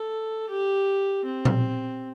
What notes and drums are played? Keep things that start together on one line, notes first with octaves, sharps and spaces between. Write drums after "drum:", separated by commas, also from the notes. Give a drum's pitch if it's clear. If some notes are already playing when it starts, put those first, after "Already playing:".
Already playing: A4
G4
C4
drum: tom A#2